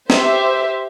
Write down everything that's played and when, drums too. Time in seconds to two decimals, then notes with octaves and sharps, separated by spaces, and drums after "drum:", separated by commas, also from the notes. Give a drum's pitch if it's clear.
0.10 G4 C5 E5, drum: snare